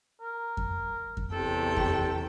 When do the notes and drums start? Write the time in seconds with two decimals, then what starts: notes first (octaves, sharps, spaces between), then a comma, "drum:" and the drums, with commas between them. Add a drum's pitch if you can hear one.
0.21 A#4
0.57 drum: kick F2
1.17 drum: kick F2
1.32 E2 C3 A4 G5
1.77 drum: kick F2